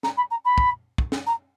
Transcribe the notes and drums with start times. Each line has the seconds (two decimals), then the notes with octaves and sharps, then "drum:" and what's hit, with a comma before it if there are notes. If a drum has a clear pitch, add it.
0.03 A#5, drum: snare
0.17 B5
0.30 A#5
0.45 B5
0.58 drum: kick
0.98 drum: kick
1.12 drum: snare
1.26 A#5